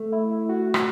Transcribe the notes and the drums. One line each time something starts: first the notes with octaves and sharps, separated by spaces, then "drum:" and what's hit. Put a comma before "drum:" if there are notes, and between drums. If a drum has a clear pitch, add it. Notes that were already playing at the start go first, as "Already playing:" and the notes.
Already playing: A3
E4
F#4
drum: rim click